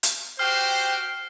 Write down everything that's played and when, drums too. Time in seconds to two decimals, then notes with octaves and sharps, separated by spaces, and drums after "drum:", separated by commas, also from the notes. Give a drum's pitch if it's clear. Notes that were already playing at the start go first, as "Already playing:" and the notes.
0.03 drum: hi-hat
0.39 F#4 G4 C5 G5 F6 C7